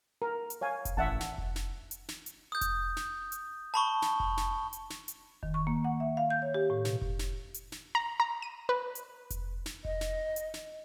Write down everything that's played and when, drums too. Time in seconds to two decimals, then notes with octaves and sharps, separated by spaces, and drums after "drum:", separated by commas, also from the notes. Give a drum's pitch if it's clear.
0.22 A#4
0.50 drum: hi-hat
0.61 C#5 F5 G#5
0.85 drum: kick F1, hi-hat
0.97 A1 E5 F#5 A5
1.20 drum: snare
1.38 drum: kick F1
1.56 drum: snare
1.91 drum: hi-hat
2.09 drum: snare
2.26 drum: hi-hat
2.52 D#6 G6
2.61 drum: kick F1, hi-hat
2.97 drum: snare
3.32 drum: hi-hat
3.74 A5 B5 C#6 G7
4.02 drum: snare
4.20 drum: kick F1
4.37 drum: snare
4.73 drum: hi-hat
4.90 drum: snare
5.08 drum: hi-hat
5.43 D#3, drum: kick F1
5.54 C#6
5.67 A#3
5.84 F#5
6.00 E5
6.17 F5
6.30 G6
6.42 C#5
6.54 G4
6.70 A2
6.85 B2, drum: snare
7.02 drum: kick F1
7.19 drum: snare
7.54 drum: hi-hat
7.72 drum: snare
7.95 A#5
8.20 A#5
8.42 D#7
8.69 B4
8.95 drum: hi-hat
9.30 drum: kick F1, hi-hat
9.66 drum: snare
9.85 D#5, drum: kick F1
10.01 drum: snare
10.36 drum: hi-hat
10.54 drum: snare